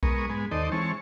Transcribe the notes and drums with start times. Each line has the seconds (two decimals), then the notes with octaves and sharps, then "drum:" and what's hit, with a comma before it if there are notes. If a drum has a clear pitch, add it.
0.03 G#3 B3 A#4 C#6 D#6, drum: kick B1
0.29 G#2 G#3 B3
0.51 D#2 D#4 A4 C5 D5 D#5
0.72 E3 G#3 C4 C#5 A5 C#6